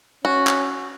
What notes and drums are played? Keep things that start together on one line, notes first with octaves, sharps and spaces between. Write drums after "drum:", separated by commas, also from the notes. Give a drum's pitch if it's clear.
C#4 F#4
drum: clap